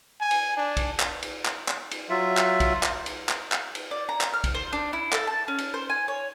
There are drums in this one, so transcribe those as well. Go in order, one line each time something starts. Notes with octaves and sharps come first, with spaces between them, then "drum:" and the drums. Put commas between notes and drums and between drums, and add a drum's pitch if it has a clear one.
G#5
drum: cymbal
D4
drum: kick, cymbal
drum: clap
drum: cymbal
drum: clap
drum: clap
drum: cymbal
F#3 F4 E5
drum: clap
drum: kick, cymbal
drum: clap
drum: cymbal
drum: clap
drum: clap
drum: cymbal
D5
A#5
drum: clap
F6
drum: kick, cymbal
C5
D4
E4
A4, drum: clap
A5
C#4
drum: cymbal
C5
G#5
C#5